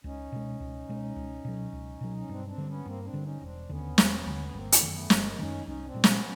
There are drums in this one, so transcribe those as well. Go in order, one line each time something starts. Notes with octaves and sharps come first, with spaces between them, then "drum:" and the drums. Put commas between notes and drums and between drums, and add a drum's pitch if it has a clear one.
C#2 C#4 D#4
B2 G#3
C#2
B2 G#3
C#2
B2 F#3
C#2
B2 F#3
C#4
G2 C4 D4
C4 D4
D3 G3
B3 C#4
G2 A#3 C4
C4 D4
D3 G3
C#4 D#4
E1 C4 D4
D#2 D3 B3 C#4
E1, drum: snare
D#2 D3
C#4
G1 A#3 C4
A3 B3, drum: hi-hat
F#2 D#3
A3 B3
G1 G#3 A#3, drum: snare
F#2 D#3 C#4 D#4
C2 C#4 D#4
C4 D4
A#2 G3
B3 C#4, drum: snare